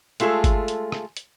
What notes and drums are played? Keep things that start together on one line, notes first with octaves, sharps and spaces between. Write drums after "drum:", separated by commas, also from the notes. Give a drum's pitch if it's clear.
G#3 A3 F4 G#4 A4, drum: hi-hat
drum: kick G1, hi-hat
drum: hi-hat
drum: rim click
drum: hi-hat